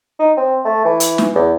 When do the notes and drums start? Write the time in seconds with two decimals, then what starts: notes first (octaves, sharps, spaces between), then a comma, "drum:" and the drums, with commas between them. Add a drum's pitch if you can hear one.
0.19 D#4
0.37 C4
0.65 A3
0.85 E3
1.00 drum: hi-hat
1.18 drum: snare
1.35 E2